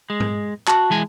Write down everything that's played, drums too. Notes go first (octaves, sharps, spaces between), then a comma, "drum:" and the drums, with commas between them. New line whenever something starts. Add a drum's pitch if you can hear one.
G#3
drum: tom G#2
F#4 A5, drum: clap
E3 G#3 G#5